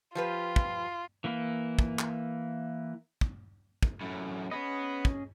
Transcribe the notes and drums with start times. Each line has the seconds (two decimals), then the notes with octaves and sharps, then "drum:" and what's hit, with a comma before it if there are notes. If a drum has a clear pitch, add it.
0.15 F3 F4 G4 B4
0.56 drum: kick
1.24 E3 A#3 E4
1.79 drum: kick
1.99 drum: clap
3.21 drum: kick
3.83 drum: kick
4.01 F#2 A2
4.51 B3 C#4 G#4 D#5
5.05 drum: kick